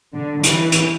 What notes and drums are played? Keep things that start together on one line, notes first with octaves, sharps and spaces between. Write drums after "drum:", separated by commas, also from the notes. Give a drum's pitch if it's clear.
D3
E3, drum: hi-hat
drum: hi-hat